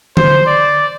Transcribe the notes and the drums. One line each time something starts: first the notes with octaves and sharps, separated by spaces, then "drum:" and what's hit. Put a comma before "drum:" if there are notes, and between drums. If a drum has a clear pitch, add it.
C5, drum: tom D3
D5